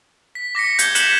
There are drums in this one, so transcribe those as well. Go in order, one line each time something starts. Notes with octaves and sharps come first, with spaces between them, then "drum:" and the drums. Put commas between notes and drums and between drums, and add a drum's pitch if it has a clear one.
B6
D6 A#6 B6 C#7
G6 G#6 G7, drum: hi-hat
F#6 G6 B6 C#7 E7 F#7, drum: hi-hat